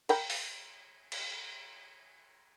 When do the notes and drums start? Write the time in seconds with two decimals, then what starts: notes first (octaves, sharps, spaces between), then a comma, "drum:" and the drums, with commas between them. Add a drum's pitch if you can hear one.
0.09 A#4 G5 B5, drum: cymbal
0.30 drum: open hi-hat
1.12 drum: cymbal